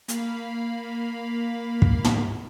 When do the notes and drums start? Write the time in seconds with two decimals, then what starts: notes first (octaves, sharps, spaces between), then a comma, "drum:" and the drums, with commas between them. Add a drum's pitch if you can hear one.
0.08 A#3 F5 B5, drum: hi-hat
1.82 drum: kick
2.04 drum: tom